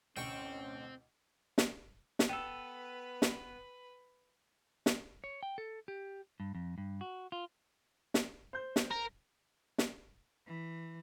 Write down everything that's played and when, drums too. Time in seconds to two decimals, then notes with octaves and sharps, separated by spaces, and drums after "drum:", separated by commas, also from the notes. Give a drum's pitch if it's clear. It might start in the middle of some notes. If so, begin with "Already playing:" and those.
0.17 A1 D2 B2 C4 C#4 G5 C#6
1.58 drum: snare
2.19 drum: snare
2.29 B3 A4 B4 G5 E6
3.22 drum: snare
4.86 drum: snare
5.24 C#5
5.43 G5
5.58 A4
5.88 G4
6.40 G2
6.55 F2
6.78 G2
7.01 F#4
7.32 F4
8.14 drum: snare
8.53 C5 G6
8.76 drum: snare
8.91 A#4
9.78 drum: snare
10.47 E3